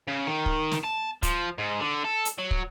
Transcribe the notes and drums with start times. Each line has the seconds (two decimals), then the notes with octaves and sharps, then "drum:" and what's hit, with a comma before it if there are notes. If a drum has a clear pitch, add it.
0.08 C#3
0.27 D#3
0.46 drum: kick
0.71 drum: snare
0.84 A5
1.23 F3, drum: kick, hi-hat
1.58 G#2
1.80 D3
2.04 A4
2.25 drum: hi-hat
2.38 F#3
2.51 drum: kick